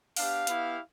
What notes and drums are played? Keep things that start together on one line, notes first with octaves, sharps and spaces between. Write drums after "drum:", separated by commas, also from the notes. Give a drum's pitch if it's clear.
B3 D4 G4 F5, drum: open hi-hat
B3 E4 G4, drum: hi-hat